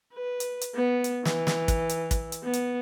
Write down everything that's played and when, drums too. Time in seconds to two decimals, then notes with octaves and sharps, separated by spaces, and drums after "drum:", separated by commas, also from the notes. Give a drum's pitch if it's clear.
0.13 B4
0.40 drum: hi-hat
0.61 drum: hi-hat
0.75 B3
1.04 drum: hi-hat
1.25 E3, drum: snare
1.47 drum: snare
1.68 drum: kick, hi-hat
1.89 drum: hi-hat
2.11 drum: kick, hi-hat
2.32 drum: hi-hat
2.44 B3
2.53 drum: hi-hat